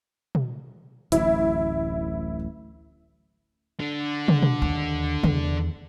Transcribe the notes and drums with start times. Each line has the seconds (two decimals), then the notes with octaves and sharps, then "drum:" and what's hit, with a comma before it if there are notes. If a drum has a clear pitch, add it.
0.35 drum: tom
1.12 D1 A1 E4, drum: hi-hat
3.80 D3
4.28 drum: tom
4.43 drum: tom
4.62 D#2
5.24 E2, drum: tom